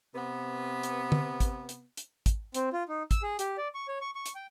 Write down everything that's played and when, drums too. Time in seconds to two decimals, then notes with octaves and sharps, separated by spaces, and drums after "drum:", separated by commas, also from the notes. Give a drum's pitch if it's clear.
0.15 C3 B3
0.83 drum: hi-hat
1.12 drum: tom
1.40 drum: kick, hi-hat
1.69 drum: hi-hat
1.97 drum: hi-hat
2.26 drum: kick, hi-hat
2.54 C4, drum: hi-hat
2.73 F4
2.89 D#4
3.11 E6, drum: kick, hi-hat
3.22 G#4
3.39 G4, drum: hi-hat
3.58 D5
3.75 C#6
3.88 C#5
4.01 C#6
4.15 C#6
4.26 drum: hi-hat
4.35 G5